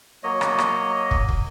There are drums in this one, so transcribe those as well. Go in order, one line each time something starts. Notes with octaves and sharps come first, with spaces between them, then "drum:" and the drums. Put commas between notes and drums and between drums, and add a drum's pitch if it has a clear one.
F#3 A#3 C#5 D#5
drum: rim click
drum: rim click
drum: kick
drum: kick